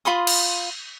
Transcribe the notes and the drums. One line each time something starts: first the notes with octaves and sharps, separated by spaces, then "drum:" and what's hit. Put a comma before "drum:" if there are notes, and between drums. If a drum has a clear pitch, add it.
F4 B5 C6 D#6
drum: cymbal